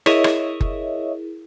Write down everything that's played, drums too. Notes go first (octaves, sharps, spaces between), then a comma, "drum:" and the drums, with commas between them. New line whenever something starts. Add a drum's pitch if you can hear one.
E4 G#4 A#4 C#5 D#5 E5, drum: rim click
drum: rim click
drum: kick F#1